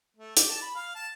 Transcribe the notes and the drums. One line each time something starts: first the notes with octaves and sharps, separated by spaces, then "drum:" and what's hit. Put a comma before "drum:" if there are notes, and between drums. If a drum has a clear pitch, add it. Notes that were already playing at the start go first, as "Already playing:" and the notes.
A3
G4, drum: hi-hat
A5
B5
F5
A5